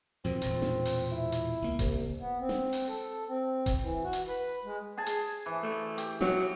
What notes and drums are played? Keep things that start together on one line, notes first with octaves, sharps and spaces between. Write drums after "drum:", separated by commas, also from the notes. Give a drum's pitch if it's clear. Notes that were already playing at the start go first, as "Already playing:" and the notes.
F2 B2 D#3 C4
E1 A#2, drum: hi-hat
drum: snare
drum: open hi-hat
E4
drum: hi-hat
C#2 A#3
C2, drum: kick D#1, hi-hat
B3
C4
drum: snare
drum: open hi-hat
A4
C4
drum: kick D#1, hi-hat
E3
F#4
drum: hi-hat
B4
G#3
G#4 G#5 A5
drum: hi-hat
E3
A3
G4, drum: hi-hat
F#3, drum: snare